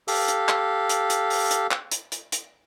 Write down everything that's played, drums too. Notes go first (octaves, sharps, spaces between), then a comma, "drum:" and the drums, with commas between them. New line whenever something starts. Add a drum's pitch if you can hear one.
G4 A4 F5, drum: open hi-hat
drum: hi-hat
drum: clap
drum: hi-hat
drum: hi-hat
drum: open hi-hat
drum: hi-hat
drum: clap
drum: hi-hat
drum: hi-hat
drum: hi-hat